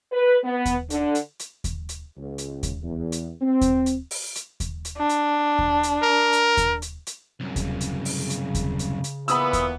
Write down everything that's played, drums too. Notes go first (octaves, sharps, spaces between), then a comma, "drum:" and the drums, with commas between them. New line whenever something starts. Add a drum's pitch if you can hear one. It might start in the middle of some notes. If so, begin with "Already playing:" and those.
B4
B3
drum: kick D#2, hi-hat
D3, drum: hi-hat
drum: hi-hat
drum: hi-hat
drum: kick D#2, hi-hat
drum: hi-hat
C#2
drum: hi-hat
drum: kick D#2, hi-hat
E2
drum: hi-hat
C4
drum: kick D#2, hi-hat
drum: hi-hat
drum: open hi-hat
drum: hi-hat
drum: kick D#2, hi-hat
drum: hi-hat
D4
drum: hi-hat
drum: kick D#2
drum: hi-hat
A#4
drum: hi-hat
drum: kick D#2, hi-hat
drum: hi-hat
drum: hi-hat
C2 F#2 C#3
drum: kick D#2, hi-hat
drum: hi-hat
drum: open hi-hat
drum: hi-hat
drum: kick D#2, hi-hat
drum: hi-hat
drum: hi-hat
A#2 E3 B3 B5 D#6 E6, drum: hi-hat
drum: kick D#2, hi-hat